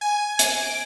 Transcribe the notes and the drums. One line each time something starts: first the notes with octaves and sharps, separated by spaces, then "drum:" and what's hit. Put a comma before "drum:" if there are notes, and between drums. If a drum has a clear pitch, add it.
G#5
drum: hi-hat
D7